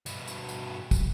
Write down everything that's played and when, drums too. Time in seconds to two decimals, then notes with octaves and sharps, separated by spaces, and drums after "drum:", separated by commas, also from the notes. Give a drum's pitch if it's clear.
0.06 G2 B2, drum: tambourine
0.27 drum: tambourine
0.49 drum: tambourine
0.91 drum: kick, tambourine